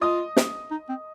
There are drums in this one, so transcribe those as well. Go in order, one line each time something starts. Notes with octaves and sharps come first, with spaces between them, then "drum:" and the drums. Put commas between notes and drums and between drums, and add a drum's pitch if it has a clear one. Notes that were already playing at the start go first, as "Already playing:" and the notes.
F4 D#5 D#6
drum: snare
D#4
C4